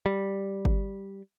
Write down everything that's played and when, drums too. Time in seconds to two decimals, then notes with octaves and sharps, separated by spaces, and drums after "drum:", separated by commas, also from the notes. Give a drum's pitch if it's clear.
0.06 G3
0.65 drum: kick G1